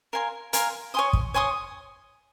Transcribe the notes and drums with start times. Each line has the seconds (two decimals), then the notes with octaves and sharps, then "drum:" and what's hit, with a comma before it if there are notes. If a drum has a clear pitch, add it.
0.13 A#4 F5 G#5 C6
0.53 A#4 F5 G#5 C6, drum: hi-hat
0.94 C#5 G#5 C6 D#6
1.13 drum: kick
1.34 C#5 G#5 C6 D#6